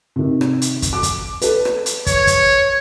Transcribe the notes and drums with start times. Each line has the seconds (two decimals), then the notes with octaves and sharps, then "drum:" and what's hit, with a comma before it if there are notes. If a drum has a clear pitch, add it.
0.16 C3 D#3
0.41 drum: rim click
0.62 drum: hi-hat
0.82 drum: kick, hi-hat
0.93 D6
1.03 drum: kick, hi-hat
1.42 A4 B4, drum: hi-hat
1.65 drum: rim click
1.86 drum: hi-hat
2.06 C#5, drum: kick, hi-hat
2.27 drum: kick, hi-hat